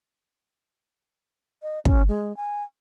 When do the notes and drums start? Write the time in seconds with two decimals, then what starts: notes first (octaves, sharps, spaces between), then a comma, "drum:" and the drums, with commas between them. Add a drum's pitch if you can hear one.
1.63 D#5
1.85 C#4, drum: kick
2.08 G#3
2.37 G#5